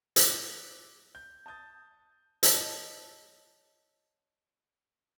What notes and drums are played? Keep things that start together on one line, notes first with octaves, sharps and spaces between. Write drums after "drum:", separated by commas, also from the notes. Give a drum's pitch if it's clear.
D6 F#6, drum: hi-hat
G6
A5 D#6 G6 A6
C#5 D#5 A5, drum: hi-hat